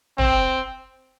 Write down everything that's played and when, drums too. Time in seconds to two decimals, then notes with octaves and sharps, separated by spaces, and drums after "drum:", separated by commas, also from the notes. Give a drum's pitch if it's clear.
0.18 C4, drum: tom